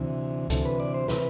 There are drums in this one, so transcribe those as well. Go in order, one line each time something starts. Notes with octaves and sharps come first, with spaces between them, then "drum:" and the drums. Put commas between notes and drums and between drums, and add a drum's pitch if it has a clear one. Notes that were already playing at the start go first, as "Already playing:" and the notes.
Already playing: D2 C3 E3
D2 C3 E3 A4, drum: kick C#2, hi-hat
B4
D5
C5
C3 E3 B4, drum: snare